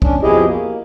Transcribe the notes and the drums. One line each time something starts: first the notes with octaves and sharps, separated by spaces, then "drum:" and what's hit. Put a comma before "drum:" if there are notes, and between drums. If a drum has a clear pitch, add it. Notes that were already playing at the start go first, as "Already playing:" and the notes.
C#4 D4, drum: kick
F2 B2 E4 G4 G#4 D#5
A#3